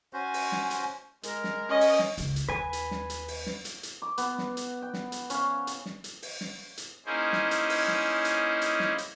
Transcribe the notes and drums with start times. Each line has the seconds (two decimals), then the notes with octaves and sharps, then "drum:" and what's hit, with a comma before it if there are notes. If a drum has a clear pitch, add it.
0.13 C#4 F#4 C5 G#5
0.34 drum: open hi-hat
0.52 drum: snare
0.71 drum: hi-hat
1.23 G#3 A#4, drum: hi-hat
1.44 drum: snare
1.70 C#4 D#5
1.81 drum: open hi-hat
1.99 drum: snare
2.18 C#2 C#4, drum: hi-hat
2.36 drum: hi-hat
2.49 D#2 B4 G#5
2.73 drum: hi-hat
2.91 drum: snare
3.10 drum: hi-hat
3.28 drum: open hi-hat
3.46 drum: snare
3.65 drum: hi-hat
3.83 drum: hi-hat
4.02 D6
4.18 B3, drum: hi-hat
4.38 drum: snare
4.57 drum: hi-hat
4.82 G5
4.94 drum: snare
5.12 drum: hi-hat
5.30 C#4 F5, drum: hi-hat
5.67 drum: hi-hat
5.86 drum: snare
6.04 drum: hi-hat
6.22 drum: open hi-hat
6.41 drum: snare
6.78 drum: hi-hat
7.06 A#3 C#4 D#4 E4 G#4 C5
7.33 drum: snare
7.51 drum: hi-hat
7.70 drum: open hi-hat
7.88 drum: snare
8.25 drum: hi-hat
8.61 drum: hi-hat
8.80 drum: snare
8.98 drum: hi-hat